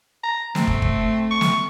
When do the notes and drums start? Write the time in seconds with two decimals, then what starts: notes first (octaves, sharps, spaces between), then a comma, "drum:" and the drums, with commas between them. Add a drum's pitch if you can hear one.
0.23 A#5
0.55 A3 C4, drum: snare
0.67 drum: kick
0.82 drum: kick
1.31 C#6
1.41 drum: snare